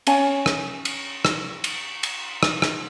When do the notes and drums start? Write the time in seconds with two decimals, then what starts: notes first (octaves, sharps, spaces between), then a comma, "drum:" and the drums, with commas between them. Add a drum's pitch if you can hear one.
0.07 C#4 C#5 F5 G#5, drum: cymbal
0.46 drum: rim click
0.85 drum: cymbal
1.25 drum: rim click
1.64 drum: cymbal
2.03 drum: cymbal
2.43 drum: rim click
2.62 drum: rim click